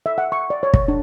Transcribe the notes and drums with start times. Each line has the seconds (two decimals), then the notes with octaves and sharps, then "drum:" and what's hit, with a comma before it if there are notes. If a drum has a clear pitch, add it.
0.06 E5
0.18 F#5
0.32 C#6
0.50 D5
0.63 C#5
0.74 drum: kick
0.88 D4